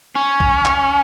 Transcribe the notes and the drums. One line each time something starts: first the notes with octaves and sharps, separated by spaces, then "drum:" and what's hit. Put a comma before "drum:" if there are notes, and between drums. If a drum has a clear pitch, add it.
C#4
drum: kick
drum: clap